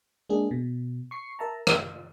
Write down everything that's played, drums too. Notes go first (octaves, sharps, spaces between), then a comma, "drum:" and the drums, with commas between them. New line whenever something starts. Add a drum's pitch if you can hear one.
G#3 A#3 D4 G#4
B2
C#6 C7 C#7
A#4 E5 A5 A#5
F4, drum: rim click